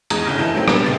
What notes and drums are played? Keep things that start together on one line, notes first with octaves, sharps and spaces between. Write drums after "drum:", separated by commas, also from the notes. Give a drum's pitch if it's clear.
E2 G#2 A#5 D#6 G#6, drum: hi-hat
G1 A2 C#3 F6 A#6
F#2 E3 A3 D#5 A5
A2 D#3 F#3 A#3 C4
A#2 F#3 G3 B3 D4 A#4, drum: rim click
C#2 A#2 A6